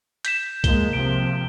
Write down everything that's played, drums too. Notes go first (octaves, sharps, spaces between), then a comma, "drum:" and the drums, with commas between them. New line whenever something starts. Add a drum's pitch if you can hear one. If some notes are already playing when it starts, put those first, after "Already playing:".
G6 B6 E7, drum: hi-hat
F3 G#3 A#3 G7, drum: kick B1, hi-hat
C3 F3 D7